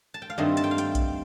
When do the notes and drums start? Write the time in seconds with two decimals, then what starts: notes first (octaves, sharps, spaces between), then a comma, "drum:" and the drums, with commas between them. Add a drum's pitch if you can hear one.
0.14 A5
0.22 G5
0.30 F5
0.38 G2 D#3 A3 C4 D#5
0.57 A5, drum: hi-hat
0.64 G5
0.71 F5
0.78 G5, drum: hi-hat
0.95 drum: kick A#1, hi-hat